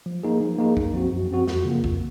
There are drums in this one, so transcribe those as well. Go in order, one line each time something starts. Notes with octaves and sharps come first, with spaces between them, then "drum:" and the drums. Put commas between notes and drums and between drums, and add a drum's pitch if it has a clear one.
F3
A#3 D#4 G#4
F3
A#3 D#4 G#4
F#2, drum: kick
F3 C4 F#4
F#2
F3 C4 F#4
F2, drum: snare
C#3 F3 A#3 F4
F2, drum: kick